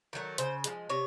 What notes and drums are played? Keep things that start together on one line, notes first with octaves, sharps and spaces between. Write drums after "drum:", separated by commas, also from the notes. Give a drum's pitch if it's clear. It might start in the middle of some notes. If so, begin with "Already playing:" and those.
D#3 F#3 A3
C#3 C5, drum: hi-hat
F3 G#3, drum: hi-hat
C3 C#5